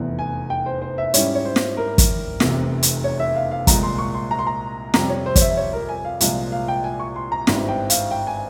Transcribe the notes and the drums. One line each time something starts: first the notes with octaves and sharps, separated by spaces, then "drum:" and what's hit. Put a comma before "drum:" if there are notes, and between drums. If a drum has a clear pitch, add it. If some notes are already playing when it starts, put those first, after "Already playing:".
Already playing: F1 E2 E3
G#5
G5
C5
C5
E5
G#2 G3 C#4 E4 C#5, drum: hi-hat
C#5
C5
drum: snare
A#4
drum: kick, hi-hat
F1 E2 C3, drum: snare
drum: hi-hat
C#5
E5
F5
F5
C2 A#2 G#3 A#5, drum: kick, hi-hat
C6
C#6
C6
A#5
C6
A#5
F2 C3 G3 A#5, drum: snare
C#5
C5
C#5, drum: kick, hi-hat
E5
C#5
A#4
G#5
F5
C2 A#2 F3 G#3 F5, drum: hi-hat
F5
G5
G#5
C#6
C6
A#5
G#1 G2 G3 C4 E4, drum: snare
G5
F5, drum: hi-hat
G5
G#5